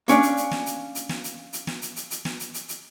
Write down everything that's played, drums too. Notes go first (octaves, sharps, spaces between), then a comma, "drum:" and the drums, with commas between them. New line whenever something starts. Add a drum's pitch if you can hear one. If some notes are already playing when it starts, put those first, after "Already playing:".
A#3 C#4 D4 D5, drum: hi-hat
drum: hi-hat
drum: hi-hat
drum: snare
drum: hi-hat
drum: hi-hat
drum: snare
drum: hi-hat
drum: hi-hat
drum: snare
drum: hi-hat
drum: hi-hat
drum: hi-hat
drum: snare
drum: hi-hat
drum: hi-hat
drum: hi-hat